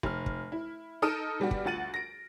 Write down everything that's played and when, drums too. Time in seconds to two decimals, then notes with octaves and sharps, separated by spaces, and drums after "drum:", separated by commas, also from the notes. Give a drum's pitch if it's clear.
0.03 F1 F6, drum: kick
0.26 drum: kick
0.52 E4
1.02 D#4 A4 D#6 F6 D7 E7
1.40 B2 G3 D4 F#4
1.51 drum: kick
1.65 D2 F4 F#5 A6 D#7 F#7
1.94 A#6 D7